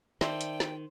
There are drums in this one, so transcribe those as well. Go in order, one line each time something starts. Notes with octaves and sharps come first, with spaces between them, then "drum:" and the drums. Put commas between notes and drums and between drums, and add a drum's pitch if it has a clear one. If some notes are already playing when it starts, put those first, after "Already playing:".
D#3 C5 D5 E5 G5 A5, drum: snare
drum: hi-hat
drum: snare